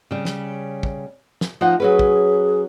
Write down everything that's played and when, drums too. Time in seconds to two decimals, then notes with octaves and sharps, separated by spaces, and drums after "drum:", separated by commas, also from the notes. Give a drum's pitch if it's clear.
0.11 C#3 G3
0.25 drum: snare
0.83 drum: kick
1.41 drum: snare
1.61 F3 D#4 F#5
1.80 F#3 C#4 G#4 B4
1.99 drum: kick